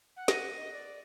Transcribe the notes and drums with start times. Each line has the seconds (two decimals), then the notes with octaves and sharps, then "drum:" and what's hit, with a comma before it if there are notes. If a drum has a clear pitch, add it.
0.17 F#5
0.28 A#6 D#7, drum: snare
0.58 D#5
0.72 D5